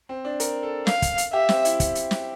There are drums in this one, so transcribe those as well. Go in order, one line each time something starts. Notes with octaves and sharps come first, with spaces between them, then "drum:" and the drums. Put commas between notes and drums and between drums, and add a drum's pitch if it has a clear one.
C4
D4
A#4, drum: hi-hat
A4
F5, drum: snare
drum: kick, hi-hat
drum: hi-hat
G4 E5
C4, drum: snare
E4, drum: hi-hat
drum: kick, hi-hat
drum: hi-hat
drum: snare